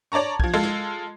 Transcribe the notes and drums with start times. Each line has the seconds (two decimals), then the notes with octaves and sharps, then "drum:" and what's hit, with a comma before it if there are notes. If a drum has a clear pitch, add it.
0.12 C#5 D5 A5 A#5 C#6
0.40 F3 G#6, drum: kick B1
0.54 G#3 F4 A4
0.63 drum: snare